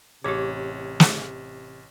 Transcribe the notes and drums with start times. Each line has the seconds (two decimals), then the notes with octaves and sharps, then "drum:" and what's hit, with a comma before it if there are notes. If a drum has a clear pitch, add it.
0.24 A1 C3 G4 G#4 C#5 G#6
1.00 drum: snare